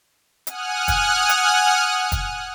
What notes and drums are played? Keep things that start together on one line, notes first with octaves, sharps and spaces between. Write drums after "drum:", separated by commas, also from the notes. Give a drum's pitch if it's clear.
F#5 G#5 D#6 F6 F#6, drum: hi-hat
drum: kick, hi-hat
drum: hi-hat
drum: kick, hi-hat